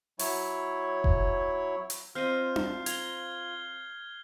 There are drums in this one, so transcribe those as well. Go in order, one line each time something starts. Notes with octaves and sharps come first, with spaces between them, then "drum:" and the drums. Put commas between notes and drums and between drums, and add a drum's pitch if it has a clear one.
F#3 E4 C#5, drum: open hi-hat
drum: kick F1
drum: hi-hat
C4 F4 D#5 F6 G6 C7
drum: tom D4
A#5 G#6 G7, drum: hi-hat